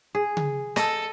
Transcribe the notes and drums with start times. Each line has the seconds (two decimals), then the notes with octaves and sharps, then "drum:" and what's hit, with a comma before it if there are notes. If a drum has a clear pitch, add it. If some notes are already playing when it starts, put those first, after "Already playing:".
0.15 G#4
0.37 drum: tom C#3
0.76 A4 D#5, drum: snare